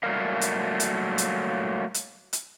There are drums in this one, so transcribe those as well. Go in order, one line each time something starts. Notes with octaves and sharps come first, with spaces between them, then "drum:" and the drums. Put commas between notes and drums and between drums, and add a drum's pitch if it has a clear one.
F#3 G3 A3 A#3 A#4 F5
drum: hi-hat
drum: hi-hat
drum: hi-hat
drum: hi-hat
drum: hi-hat